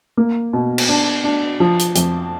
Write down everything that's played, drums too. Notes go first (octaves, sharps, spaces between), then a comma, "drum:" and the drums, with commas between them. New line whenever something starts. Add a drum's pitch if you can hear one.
A#3
B2
drum: cymbal
D4
D4
F3
drum: hi-hat
F2, drum: hi-hat